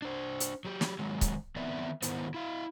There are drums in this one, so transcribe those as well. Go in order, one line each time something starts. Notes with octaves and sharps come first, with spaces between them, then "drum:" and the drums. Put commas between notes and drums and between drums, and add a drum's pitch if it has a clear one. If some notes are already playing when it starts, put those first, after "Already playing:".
D4 C5
drum: hi-hat
F#3 G4
drum: snare
D#3 F#3 G#3
drum: kick C#1, hi-hat
D#3 B3 C4 D5 E5
G#2 D#3 B3 E4 C5, drum: hi-hat
E4 F5